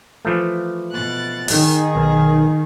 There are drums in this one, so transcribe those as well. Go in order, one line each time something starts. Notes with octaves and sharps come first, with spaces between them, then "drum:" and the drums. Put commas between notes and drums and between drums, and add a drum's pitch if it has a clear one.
E3 F3 A3
B2 F#6 A6
D#3 G#4, drum: open hi-hat
B1